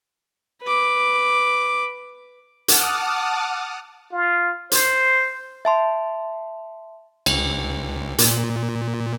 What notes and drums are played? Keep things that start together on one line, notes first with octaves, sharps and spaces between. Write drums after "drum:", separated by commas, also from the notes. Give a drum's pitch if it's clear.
B4 D6
F#5 A5 D6 D#6 F6, drum: hi-hat
F4
C5, drum: hi-hat
E5 A5 C6
C#2, drum: cymbal
A#2, drum: hi-hat